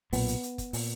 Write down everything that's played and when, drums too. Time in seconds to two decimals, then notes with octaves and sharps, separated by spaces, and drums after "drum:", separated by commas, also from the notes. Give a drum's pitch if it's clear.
0.13 B1 A#2 B3, drum: open hi-hat
0.28 drum: hi-hat
0.43 drum: hi-hat
0.58 drum: kick, hi-hat
0.73 A#2, drum: open hi-hat